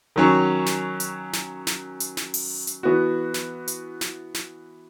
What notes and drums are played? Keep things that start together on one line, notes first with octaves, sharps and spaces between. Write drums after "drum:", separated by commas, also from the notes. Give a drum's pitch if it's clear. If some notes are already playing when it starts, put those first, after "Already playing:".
D#3 F#3 C#4
drum: snare
drum: hi-hat
drum: snare
drum: snare
drum: hi-hat
drum: snare
drum: open hi-hat
drum: hi-hat
E3 B3 F#4
drum: snare
drum: hi-hat
drum: snare
drum: snare